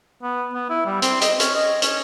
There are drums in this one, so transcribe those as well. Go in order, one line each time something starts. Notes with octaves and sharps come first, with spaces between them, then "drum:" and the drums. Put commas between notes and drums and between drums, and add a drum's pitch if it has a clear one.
B3
B3
E4
G3
C4, drum: hi-hat
D#5, drum: hi-hat
C#4, drum: hi-hat
D#5
C#4, drum: hi-hat